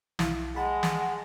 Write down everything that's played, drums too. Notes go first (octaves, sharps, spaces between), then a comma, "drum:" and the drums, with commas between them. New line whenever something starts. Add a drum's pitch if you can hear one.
B1 E4 F5, drum: snare
G#3 F#5 A5 B5
drum: snare